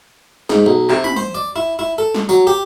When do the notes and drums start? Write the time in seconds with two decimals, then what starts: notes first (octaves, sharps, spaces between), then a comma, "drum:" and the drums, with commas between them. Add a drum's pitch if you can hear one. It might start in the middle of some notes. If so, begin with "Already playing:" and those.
0.50 G#2, drum: snare
0.66 B1
0.90 C3, drum: clap
1.04 B5, drum: tom
1.17 C5
1.35 D5
1.56 E4
1.79 E4
1.98 A4
2.15 drum: snare
2.29 F#3, drum: tambourine
2.47 G4